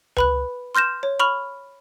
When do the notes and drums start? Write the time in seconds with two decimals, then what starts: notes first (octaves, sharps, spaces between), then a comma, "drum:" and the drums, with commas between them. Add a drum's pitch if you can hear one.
0.17 B4 B5 F#6, drum: tom C#2
0.75 C6 F6 G6 A#6 E7
1.03 C#5
1.20 B5 C#6 F6 F7